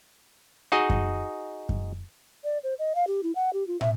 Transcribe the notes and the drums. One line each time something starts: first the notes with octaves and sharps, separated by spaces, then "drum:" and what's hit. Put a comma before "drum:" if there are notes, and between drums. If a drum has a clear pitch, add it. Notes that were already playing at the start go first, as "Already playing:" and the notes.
D#4 F#4 G#4 D#5
drum: kick F#2
drum: kick F#2
D5
C5
D#5
F5
G4
E4
F#5
G4
F4
E5, drum: tom